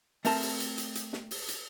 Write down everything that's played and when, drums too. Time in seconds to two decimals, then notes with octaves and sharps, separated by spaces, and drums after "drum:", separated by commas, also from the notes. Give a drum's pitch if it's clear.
0.25 A3 C4 A#4 A5, drum: open hi-hat
0.42 drum: open hi-hat
0.60 drum: hi-hat
0.78 drum: hi-hat
0.95 drum: hi-hat
1.13 drum: snare
1.31 drum: open hi-hat
1.48 drum: hi-hat